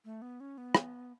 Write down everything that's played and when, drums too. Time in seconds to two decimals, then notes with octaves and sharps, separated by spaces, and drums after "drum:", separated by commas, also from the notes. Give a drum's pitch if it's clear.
0.05 A3
0.22 B3
0.40 C#4
0.58 B3
0.75 drum: rim click